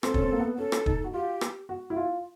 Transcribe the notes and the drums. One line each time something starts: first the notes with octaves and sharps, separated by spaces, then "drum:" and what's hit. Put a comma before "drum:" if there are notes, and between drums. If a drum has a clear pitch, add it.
C4 A4, drum: rim click
C#4, drum: kick
C4
A#3
B3
C#4 A4
drum: rim click
D#4, drum: kick
F#4
F4 G4
drum: rim click
F#4
E4
F4